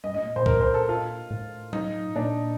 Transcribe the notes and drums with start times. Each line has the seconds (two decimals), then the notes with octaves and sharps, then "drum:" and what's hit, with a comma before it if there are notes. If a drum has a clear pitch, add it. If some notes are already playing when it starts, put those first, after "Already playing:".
0.04 G2 D#5
0.14 A2 D#5
0.25 A#2
0.36 A#2 C5
0.46 A#4, drum: kick C2
0.61 C5
0.74 A4
0.89 F4
1.31 A2
1.73 D#4, drum: tom F#3
2.15 A#2 D4